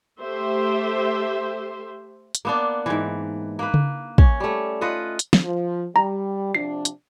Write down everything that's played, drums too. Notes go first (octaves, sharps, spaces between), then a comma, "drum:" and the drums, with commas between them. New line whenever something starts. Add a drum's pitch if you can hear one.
A3 G4 C5 E5
drum: hi-hat
A#3 B3 D4
G#2 E3
A#3 B4
drum: tom C#3
C#4, drum: kick
G3 A3
F4 B4 D#5 F#5
drum: hi-hat
drum: snare
F3
G3 A#5
C3 F3 D4 C7
drum: hi-hat